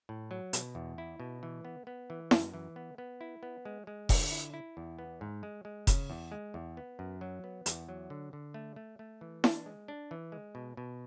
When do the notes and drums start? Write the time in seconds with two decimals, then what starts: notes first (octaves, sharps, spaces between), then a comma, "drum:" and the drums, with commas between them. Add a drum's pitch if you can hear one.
0.09 A2
0.31 F#3
0.53 B2, drum: hi-hat
0.75 E2
0.98 E4
1.20 B2
1.43 E3
1.65 B3
1.87 B3
2.10 E3
2.31 F#2, drum: snare E4
2.54 E3
2.76 B3
2.98 B3
3.21 E4
3.43 B3
3.65 G#3
3.87 G#3
4.09 D3, drum: kick F1, open hi-hat
4.31 E4
4.54 E4
4.77 E2
4.99 B3
5.21 G#2
5.43 G#3
5.65 G#3
5.87 C#3, drum: kick F1, hi-hat
6.10 E2
6.32 G#3
6.54 E2
6.77 B3
6.99 F#2
7.21 F#3
7.44 B3
7.66 E2, drum: hi-hat
7.89 F#3
8.10 D3
8.33 D3
8.54 A3
8.76 A3
8.99 A3
9.21 E3
9.44 D4, drum: snare E4
9.66 G#3
9.88 D4
10.11 E3
10.32 G#3
10.55 B2
10.77 B2